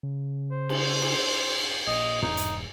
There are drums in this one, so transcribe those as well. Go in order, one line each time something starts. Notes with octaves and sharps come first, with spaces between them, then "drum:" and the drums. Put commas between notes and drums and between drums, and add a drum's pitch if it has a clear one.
C#3
C5
drum: cymbal
drum: cymbal
A#1 D#5
E1 D#4, drum: tom
drum: hi-hat